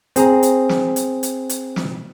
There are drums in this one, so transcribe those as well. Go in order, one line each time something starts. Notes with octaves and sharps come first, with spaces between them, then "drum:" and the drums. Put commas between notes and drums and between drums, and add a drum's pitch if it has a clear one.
C4 G#4 A#5, drum: hi-hat
drum: hi-hat
drum: snare
drum: hi-hat
drum: hi-hat
drum: hi-hat
drum: snare